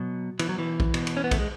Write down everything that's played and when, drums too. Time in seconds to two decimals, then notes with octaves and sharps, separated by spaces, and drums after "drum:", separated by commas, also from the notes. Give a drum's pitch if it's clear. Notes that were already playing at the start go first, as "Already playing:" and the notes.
Already playing: B2 F#3
0.39 B2 E3, drum: cymbal
0.49 F#3
0.59 E3
0.80 drum: kick A#1
0.94 B2, drum: cymbal
1.07 drum: cymbal
1.17 C#4
1.24 B3
1.31 A3, drum: kick A#1, cymbal
1.39 G#3